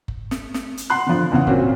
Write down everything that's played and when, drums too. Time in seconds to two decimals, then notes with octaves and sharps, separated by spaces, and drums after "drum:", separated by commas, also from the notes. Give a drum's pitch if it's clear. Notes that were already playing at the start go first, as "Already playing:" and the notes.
0.08 drum: kick F#1
0.31 drum: snare
0.54 drum: snare
0.77 drum: hi-hat
0.90 F#5 C6 F#6
1.07 D3 F3
1.32 E2 C#3 F#5
1.47 A#2 C4 C#4 F#4, drum: kick F#1